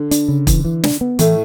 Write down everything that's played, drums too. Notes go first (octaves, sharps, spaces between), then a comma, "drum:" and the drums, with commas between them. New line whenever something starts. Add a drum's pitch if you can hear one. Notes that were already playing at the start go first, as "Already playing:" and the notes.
Already playing: D3
D4, drum: hi-hat
C#3
E3, drum: kick, hi-hat
E3
D4, drum: snare
B3
A2 E3 A3, drum: hi-hat